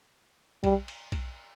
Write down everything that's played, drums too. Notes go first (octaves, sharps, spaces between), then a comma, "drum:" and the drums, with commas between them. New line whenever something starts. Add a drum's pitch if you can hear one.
G3, drum: kick B1, cymbal
drum: cymbal
drum: kick B1, cymbal